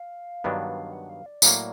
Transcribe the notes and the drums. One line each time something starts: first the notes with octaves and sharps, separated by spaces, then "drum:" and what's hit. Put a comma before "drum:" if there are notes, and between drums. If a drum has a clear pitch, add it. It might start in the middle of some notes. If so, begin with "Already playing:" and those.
Already playing: F5
G2 D#3 F#3 B3 D4
F#5
F5
D5
A2 F#3 A#3, drum: tambourine